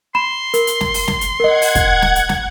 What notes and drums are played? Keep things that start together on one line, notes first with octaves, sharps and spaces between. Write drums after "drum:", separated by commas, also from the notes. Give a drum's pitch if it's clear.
B5 C6 E7
A#4, drum: hi-hat
drum: hi-hat
drum: snare
drum: open hi-hat
drum: snare
drum: hi-hat
A#4 D#5 F#5 G#6
drum: open hi-hat
drum: kick, hi-hat
drum: snare
drum: hi-hat
drum: snare